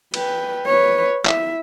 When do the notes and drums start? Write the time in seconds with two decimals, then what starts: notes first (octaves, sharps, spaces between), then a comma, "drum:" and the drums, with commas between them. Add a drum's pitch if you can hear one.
0.14 B4 G5, drum: cymbal
0.66 B4 C#5
1.25 E4 E5, drum: clap